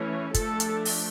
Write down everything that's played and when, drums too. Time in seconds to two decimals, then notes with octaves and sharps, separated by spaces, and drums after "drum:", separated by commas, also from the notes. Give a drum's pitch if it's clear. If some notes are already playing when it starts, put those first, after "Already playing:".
Already playing: E3 A3 C#4
0.34 F3 A3 D4 A4, drum: kick, hi-hat
0.60 drum: hi-hat
0.85 drum: open hi-hat